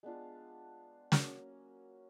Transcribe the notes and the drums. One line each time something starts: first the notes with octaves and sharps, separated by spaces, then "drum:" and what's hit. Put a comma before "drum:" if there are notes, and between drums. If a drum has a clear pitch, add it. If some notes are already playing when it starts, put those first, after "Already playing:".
G#3 B3 D4 F4
F#3 A#3 C#4, drum: snare